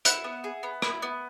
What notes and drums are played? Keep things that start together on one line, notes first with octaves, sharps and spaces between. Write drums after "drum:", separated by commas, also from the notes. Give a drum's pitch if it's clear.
E4 E5 F#5, drum: hi-hat
B3
G#4
B3
E4, drum: rim click
B3